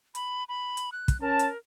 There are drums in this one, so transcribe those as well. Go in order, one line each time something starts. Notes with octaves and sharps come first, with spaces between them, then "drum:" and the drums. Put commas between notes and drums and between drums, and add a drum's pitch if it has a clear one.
B5, drum: hi-hat
B5
drum: hi-hat
F#6
drum: kick, hi-hat
C#4 A#4 A5
drum: hi-hat